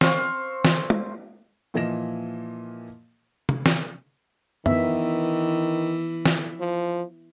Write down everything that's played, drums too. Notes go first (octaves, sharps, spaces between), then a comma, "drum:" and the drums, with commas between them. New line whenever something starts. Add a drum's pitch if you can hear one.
C4 F5 C#6, drum: snare
drum: snare
drum: tom G#3
A#2 E3 F3 D#5 A#6 E7
drum: tom
drum: snare
D#3 E3 B3 E5, drum: tom
drum: snare
F3